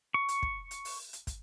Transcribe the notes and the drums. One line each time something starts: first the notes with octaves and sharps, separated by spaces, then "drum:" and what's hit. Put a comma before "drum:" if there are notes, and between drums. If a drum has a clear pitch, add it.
C#6
drum: hi-hat
drum: kick
drum: hi-hat
drum: open hi-hat
drum: hi-hat
drum: kick, hi-hat